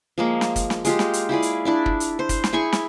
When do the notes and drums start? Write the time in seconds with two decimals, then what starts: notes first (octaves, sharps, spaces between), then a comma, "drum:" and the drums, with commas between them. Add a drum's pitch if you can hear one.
0.18 F3 G#3 A#3
0.41 drum: snare
0.56 drum: kick, hi-hat
0.70 drum: snare
0.85 G#3 F4 G4, drum: hi-hat
0.99 drum: snare
1.13 drum: hi-hat
1.29 E4 F4 G#4 D5
1.42 drum: hi-hat
1.65 D4 E4 D5
1.86 drum: kick
2.00 drum: hi-hat
2.19 C5
2.29 drum: kick, hi-hat
2.44 drum: snare
2.53 E4 G#4 G#5 C#6
2.73 drum: snare